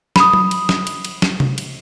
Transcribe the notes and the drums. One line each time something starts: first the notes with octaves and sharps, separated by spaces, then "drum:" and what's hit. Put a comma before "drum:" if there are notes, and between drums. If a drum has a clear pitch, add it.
B5 D#6, drum: snare
drum: tom F#3
drum: cymbal
drum: snare
drum: cymbal
drum: cymbal
drum: snare
drum: tom C3
drum: cymbal